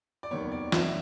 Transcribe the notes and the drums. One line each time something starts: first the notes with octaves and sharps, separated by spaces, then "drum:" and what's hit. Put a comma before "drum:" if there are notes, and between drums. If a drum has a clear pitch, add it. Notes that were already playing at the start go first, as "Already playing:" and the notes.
D5
F1 D#2 D#3 F#3 B3 C#5
D5
E5, drum: snare